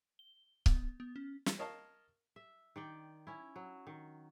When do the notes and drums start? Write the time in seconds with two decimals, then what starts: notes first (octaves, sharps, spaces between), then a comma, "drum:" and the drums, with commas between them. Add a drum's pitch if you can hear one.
0.19 G7
0.66 B3, drum: kick C#1
1.00 B3
1.16 C#4
1.46 drum: snare
1.59 A#4 C#5 D#5 F5 A5
2.36 E5
2.76 D#3 D5 G5
3.27 C#4 E4
3.56 F#3
3.87 D#3